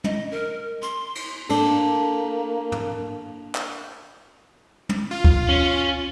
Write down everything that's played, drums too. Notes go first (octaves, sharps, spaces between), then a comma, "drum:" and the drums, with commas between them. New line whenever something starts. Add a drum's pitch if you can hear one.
D#5, drum: tom
A#4
C6, drum: hi-hat
drum: cymbal
A#3 D4 A4, drum: cymbal
drum: tom
drum: clap
drum: tom
F4
drum: kick C#2
C#4